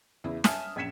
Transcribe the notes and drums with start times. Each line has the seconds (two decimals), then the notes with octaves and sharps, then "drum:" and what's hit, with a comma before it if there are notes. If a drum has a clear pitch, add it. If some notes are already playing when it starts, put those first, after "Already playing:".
0.24 E2 C#3 E4
0.44 E5 G#5 A5 D#6 F6 E7, drum: snare
0.76 A#1 F#2 G#6 B6 C#7 E7